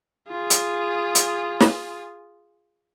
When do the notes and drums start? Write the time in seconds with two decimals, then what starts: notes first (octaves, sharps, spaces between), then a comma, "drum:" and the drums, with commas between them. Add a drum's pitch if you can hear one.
0.28 F4 G#4
0.50 drum: hi-hat
1.15 drum: hi-hat
1.60 drum: snare